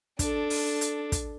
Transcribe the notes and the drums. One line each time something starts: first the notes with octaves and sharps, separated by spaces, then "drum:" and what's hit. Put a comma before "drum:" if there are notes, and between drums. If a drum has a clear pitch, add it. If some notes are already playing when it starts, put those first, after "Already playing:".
D4 A4, drum: kick, hi-hat
drum: open hi-hat
drum: hi-hat
drum: kick, hi-hat